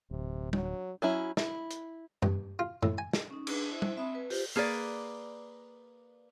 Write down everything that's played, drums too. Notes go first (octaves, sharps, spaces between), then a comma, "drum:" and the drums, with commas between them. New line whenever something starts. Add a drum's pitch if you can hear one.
D1 C3
F#3, drum: tom
F#3 C#4 E4
E4, drum: snare
drum: hi-hat
G2, drum: tom F#2
F4
A2, drum: tom F#2
G#5
drum: snare
C#4 D#4
D4 G#4 B4, drum: cymbal
E4 C5 E5
drum: tom
C4 E5 B5 D#6
B4
F4 G4 C5, drum: open hi-hat
A#3 G#4 B4 D5